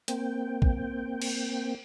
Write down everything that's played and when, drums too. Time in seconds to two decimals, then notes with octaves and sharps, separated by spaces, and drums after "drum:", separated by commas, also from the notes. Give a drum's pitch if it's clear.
0.08 A#3 C4 G5, drum: hi-hat
0.62 drum: kick
1.22 drum: cymbal